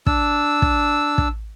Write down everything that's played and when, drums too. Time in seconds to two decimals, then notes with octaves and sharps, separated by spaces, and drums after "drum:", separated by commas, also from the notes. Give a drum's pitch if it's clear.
0.06 D4 E6, drum: kick
0.62 drum: kick
1.18 drum: kick